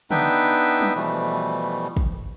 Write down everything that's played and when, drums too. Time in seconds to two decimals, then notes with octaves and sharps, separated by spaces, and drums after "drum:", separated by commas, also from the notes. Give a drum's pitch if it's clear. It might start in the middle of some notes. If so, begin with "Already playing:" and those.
0.11 B3 D4 D#4 B4 E5 G5, drum: tom C#3
0.81 drum: tom F#3
0.95 B2 E3 F3 G3 A3
1.97 drum: kick